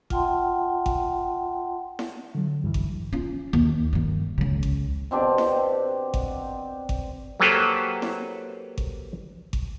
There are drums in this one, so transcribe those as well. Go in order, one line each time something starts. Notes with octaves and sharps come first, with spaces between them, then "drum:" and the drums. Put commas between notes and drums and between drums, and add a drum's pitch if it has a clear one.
F4 E5 F#5 G5 A5 C6, drum: kick G#1
drum: kick G#1
drum: snare E4
D3 F#3
G2 E3
drum: kick G#1
C#4 F4
D#2
G2 D#3
C#2 C#3
drum: kick G#1
B2 C4 D4 G4
drum: snare E4
drum: kick G#1
drum: kick G#1
F#3 A#3 G4 A4 B4 C5
drum: snare E4
drum: kick G#1
drum: kick G#1